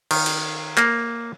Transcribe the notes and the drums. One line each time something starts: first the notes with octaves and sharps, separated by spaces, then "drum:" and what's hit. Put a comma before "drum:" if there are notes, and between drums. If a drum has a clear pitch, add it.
D#3, drum: cymbal
drum: cymbal
A#3, drum: clap